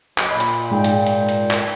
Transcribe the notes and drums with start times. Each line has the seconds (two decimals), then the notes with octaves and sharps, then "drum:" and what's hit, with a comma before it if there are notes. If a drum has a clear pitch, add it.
0.18 F#3 D#5, drum: clap
0.31 A#2 B5
0.40 drum: hi-hat
0.70 G#2 G#3 D#4 G5
0.84 drum: hi-hat
1.06 drum: hi-hat
1.29 drum: hi-hat
1.51 drum: clap